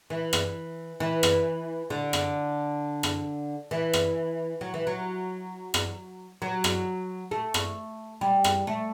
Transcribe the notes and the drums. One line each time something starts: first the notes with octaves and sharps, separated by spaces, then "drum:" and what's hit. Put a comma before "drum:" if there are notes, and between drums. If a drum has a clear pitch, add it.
E3
drum: rim click
E3
drum: rim click
D3
drum: rim click
drum: rim click
E3
drum: rim click
F#3
E3
F#3
drum: rim click
F#3
drum: rim click
A3
drum: rim click
G3
drum: rim click
A3